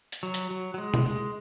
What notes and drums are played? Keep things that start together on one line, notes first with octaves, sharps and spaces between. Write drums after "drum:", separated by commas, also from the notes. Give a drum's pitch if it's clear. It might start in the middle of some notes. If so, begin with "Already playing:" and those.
drum: hi-hat
F#3
drum: hi-hat
F#3
F#3
G#3
drum: tom B2
G#3